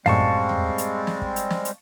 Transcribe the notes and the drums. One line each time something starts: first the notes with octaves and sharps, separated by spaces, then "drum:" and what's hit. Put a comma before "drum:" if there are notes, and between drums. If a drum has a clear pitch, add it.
F#2 A2 G3 G#3 C4 F5 A5 C#6, drum: snare
drum: kick
drum: tom
drum: hi-hat
drum: snare
drum: kick
drum: hi-hat
drum: snare
drum: hi-hat